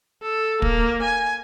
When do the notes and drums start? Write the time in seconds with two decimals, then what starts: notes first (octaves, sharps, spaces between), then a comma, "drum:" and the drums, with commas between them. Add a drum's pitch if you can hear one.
0.23 A4
0.62 A#3, drum: kick
1.02 G#5